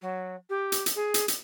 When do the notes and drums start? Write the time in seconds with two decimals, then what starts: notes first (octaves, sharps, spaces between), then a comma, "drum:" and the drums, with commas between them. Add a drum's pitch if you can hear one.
0.02 F#3
0.50 G4
0.72 drum: hi-hat
0.86 drum: hi-hat
0.96 G#4
1.14 drum: hi-hat
1.28 drum: hi-hat